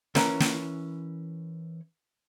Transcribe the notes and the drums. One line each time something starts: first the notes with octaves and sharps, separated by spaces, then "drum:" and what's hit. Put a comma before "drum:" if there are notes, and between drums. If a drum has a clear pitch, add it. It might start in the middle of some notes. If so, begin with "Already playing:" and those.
E3 C#4 A#4 F#5, drum: snare
drum: snare